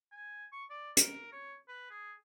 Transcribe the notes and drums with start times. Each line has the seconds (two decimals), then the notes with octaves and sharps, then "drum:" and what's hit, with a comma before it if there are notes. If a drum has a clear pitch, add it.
0.12 G#5
0.52 C#6
0.70 D5
0.97 A#4, drum: hi-hat
1.32 C#5
1.68 B4
1.90 G#4